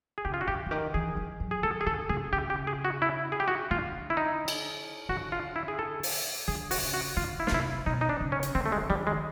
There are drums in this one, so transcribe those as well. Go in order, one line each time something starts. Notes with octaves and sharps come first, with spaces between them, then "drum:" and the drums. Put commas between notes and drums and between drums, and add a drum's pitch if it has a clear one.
G#4
C#3 G4
F4
F#4
D3 G4
D3
D#3 G4
E3 G#4
F3
F#3
G#4
D#3 A4
G#4
D3 A4
C#3 G#4
C#3 G4
G4
G#4
F#4
E4
G#4
G4
F#4
D3 F4
E4
D#4
drum: cymbal
D3 F#4
F4
E4
G#4
A4
drum: open hi-hat
D3 G#4
F#4, drum: open hi-hat
C#3
F#4
D3 F4
E4
F4, drum: snare
C3 E4
B2 D#4
D#4
D4
C#3
C#4
drum: hi-hat
D3 C4
A3
G#3
D#3 G3
G#3